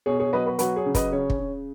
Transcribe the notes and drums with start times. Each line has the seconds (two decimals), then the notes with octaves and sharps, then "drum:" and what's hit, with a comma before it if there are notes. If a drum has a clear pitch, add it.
0.06 B2 G#4 C#5
0.20 G#4 C#5
0.33 F#3 B4 D#5
0.46 F#4 B4
0.59 F#3 F#4 B4, drum: hi-hat
0.76 G#4 C#5
0.86 C#3
0.95 B4 D#5, drum: kick, hi-hat
1.12 C#3 G#4 C#5
1.30 drum: kick
1.39 C#3